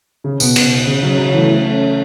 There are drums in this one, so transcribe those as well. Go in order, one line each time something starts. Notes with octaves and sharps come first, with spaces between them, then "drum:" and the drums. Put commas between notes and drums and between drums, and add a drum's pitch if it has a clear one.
C#3
B2, drum: tambourine
B2, drum: cymbal
C#3
C#3 F#3
C#3 F#3
E3 A3
A3 C#4
A3 C#4